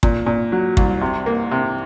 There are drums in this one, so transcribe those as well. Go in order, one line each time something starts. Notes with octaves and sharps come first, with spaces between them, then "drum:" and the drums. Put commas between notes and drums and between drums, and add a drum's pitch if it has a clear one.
A#2, drum: kick
A#2
F#3
C2, drum: kick
C3
A#3
C3